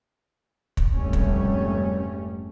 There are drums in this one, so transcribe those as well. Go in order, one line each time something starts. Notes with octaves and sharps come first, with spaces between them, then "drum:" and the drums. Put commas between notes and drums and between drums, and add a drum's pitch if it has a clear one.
drum: kick
F1 G#2 G3 A3 C#4
drum: kick